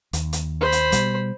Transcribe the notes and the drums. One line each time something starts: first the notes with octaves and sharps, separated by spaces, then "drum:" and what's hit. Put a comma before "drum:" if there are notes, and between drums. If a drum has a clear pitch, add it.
D#2, drum: hi-hat
drum: hi-hat
C5 B5
drum: hi-hat
B2 G3, drum: kick, hi-hat